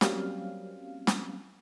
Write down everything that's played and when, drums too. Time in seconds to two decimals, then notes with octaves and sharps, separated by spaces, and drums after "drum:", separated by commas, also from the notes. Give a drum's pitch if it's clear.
0.01 F#3 G3 A#3 C4 C#4 F5, drum: snare
1.07 drum: snare